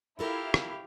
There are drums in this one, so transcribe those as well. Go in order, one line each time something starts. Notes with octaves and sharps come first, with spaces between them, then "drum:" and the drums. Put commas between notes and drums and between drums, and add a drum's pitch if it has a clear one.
E4 F4 G4 A4 A#4 F5
drum: rim click